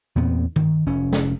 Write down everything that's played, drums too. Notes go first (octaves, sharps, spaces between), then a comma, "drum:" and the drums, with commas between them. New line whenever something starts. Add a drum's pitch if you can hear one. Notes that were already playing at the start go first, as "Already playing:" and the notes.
E2 A#2 B3 C4
D#3, drum: tom G2
F1 C#4
drum: snare